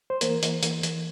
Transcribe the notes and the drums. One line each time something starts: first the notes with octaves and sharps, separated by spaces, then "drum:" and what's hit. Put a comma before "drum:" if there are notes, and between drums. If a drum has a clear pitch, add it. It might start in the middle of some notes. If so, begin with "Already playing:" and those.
C5
E3 A#3 A#4, drum: hi-hat
E3, drum: hi-hat
E3, drum: hi-hat
E3, drum: hi-hat